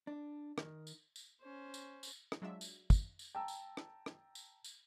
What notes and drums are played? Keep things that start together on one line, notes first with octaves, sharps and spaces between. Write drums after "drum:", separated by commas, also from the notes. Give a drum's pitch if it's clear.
D4
D#3, drum: rim click
drum: tambourine
drum: tambourine
C#4 C5
drum: tambourine
drum: tambourine
drum: rim click
F#3 G#3 D4 F4 E5
drum: tambourine
drum: kick, tambourine
drum: tambourine
G5 A5 A#5 E6
drum: tambourine
drum: rim click
drum: rim click
drum: tambourine
drum: tambourine